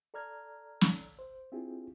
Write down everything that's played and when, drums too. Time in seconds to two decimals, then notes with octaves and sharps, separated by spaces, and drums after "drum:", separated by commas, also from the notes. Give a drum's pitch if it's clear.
0.14 A4 D5 A#5 F6 G#6
0.81 drum: snare
1.19 C5
1.52 C4 D4 E4 F4 G4 G#4